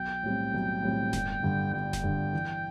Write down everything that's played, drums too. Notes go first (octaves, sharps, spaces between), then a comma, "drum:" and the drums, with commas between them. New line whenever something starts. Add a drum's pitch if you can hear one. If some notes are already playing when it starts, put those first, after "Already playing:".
Already playing: B1 G5
A2 G3 C4
B1
A2 G3 C4
G1, drum: snare E1
G2 D3
G1 G5
drum: snare E1
G2 D3
E3